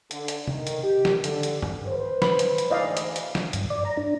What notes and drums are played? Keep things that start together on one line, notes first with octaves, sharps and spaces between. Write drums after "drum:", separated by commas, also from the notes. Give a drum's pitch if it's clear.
D3, drum: hi-hat
drum: hi-hat
D#3, drum: tom C3
drum: hi-hat
G4
drum: snare
D3, drum: hi-hat
drum: hi-hat
drum: tom
B4 C5
B5, drum: snare
drum: hi-hat
drum: hi-hat
D2 G#2 E3 D5 D#5 F5
drum: hi-hat
drum: hi-hat
drum: snare
G2, drum: hi-hat
D5
A#5
D4